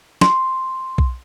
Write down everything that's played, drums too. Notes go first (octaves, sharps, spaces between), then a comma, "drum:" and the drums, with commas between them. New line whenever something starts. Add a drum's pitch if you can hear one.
C6, drum: snare
drum: kick B1